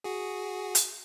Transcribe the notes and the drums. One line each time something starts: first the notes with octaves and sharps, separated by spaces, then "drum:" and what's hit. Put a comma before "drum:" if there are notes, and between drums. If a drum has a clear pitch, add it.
F#4 G#4
drum: hi-hat